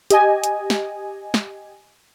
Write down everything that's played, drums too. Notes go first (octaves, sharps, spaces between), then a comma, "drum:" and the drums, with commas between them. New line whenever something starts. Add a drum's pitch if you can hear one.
G4 D#5 G#5, drum: hi-hat
drum: hi-hat
drum: snare
drum: snare